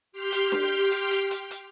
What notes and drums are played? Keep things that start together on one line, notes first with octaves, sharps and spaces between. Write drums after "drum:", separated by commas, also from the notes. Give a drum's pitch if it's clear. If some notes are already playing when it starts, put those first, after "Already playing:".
G4 G5 C6 F6
drum: hi-hat
drum: snare D4
drum: hi-hat
drum: hi-hat
drum: hi-hat
drum: hi-hat